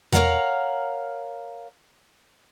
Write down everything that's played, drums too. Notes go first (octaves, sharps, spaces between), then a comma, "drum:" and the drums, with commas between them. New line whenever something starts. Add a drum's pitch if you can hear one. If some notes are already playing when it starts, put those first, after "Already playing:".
A#4 C#5 D5 F5 F#5 A#5, drum: tom E2